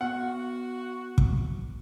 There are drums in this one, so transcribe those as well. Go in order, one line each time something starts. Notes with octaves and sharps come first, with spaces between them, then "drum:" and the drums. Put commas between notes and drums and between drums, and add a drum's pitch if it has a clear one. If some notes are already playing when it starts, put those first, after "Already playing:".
B3 F#4 F#5
drum: kick